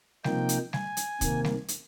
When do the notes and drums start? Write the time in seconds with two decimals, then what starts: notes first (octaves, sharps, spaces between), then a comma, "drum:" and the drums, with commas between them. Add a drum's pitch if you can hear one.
0.24 C3 F3 A#3 D#4 G5, drum: snare G3
0.49 drum: hi-hat
0.73 G#5, drum: snare G3
0.97 drum: hi-hat
1.21 C3 D#3 A#3, drum: kick, hi-hat
1.45 drum: snare G3
1.68 drum: hi-hat